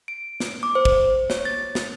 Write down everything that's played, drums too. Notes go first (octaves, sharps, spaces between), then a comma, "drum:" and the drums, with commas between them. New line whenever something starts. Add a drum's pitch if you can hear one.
D7
drum: snare
D6
C5
drum: kick
C#5, drum: snare
A6
drum: snare